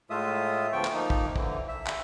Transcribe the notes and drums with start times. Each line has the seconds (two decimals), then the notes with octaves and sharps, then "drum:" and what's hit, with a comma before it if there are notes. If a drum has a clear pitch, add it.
0.10 A2 G#3 A3 F4 E5 D#6
0.73 D2 F3 B3 G5 C#6
0.85 drum: clap
0.94 F3 A#3 D#4
1.10 drum: kick
1.36 D3 E3, drum: kick
1.68 E5
1.87 drum: clap